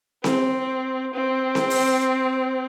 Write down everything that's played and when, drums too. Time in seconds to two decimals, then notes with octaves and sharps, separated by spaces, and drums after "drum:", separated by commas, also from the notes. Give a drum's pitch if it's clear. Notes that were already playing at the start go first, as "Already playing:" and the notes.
0.24 C4, drum: snare C4
1.14 C4
1.55 drum: snare C4
1.70 drum: open hi-hat